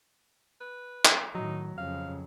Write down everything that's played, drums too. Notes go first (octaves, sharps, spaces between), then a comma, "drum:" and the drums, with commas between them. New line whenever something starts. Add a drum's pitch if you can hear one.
B4
drum: clap
A2 D#3 F#3 D#4
F2 C#3 F5